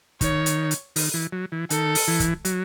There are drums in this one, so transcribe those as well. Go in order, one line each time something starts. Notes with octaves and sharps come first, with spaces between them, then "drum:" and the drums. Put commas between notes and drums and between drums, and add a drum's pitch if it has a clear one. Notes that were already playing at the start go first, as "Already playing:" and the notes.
D#3 C#5, drum: kick, hi-hat
drum: hi-hat
drum: hi-hat
D#3, drum: open hi-hat
E3
F#3
E3
D#3 A4, drum: hi-hat
drum: open hi-hat
E3
drum: kick, hi-hat
F#3, drum: hi-hat